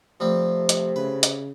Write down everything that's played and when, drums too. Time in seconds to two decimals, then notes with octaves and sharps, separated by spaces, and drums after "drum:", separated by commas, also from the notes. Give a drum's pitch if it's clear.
0.20 C3 F3 G3 A3 C4
0.69 drum: hi-hat
0.96 C#3 B4
1.23 drum: hi-hat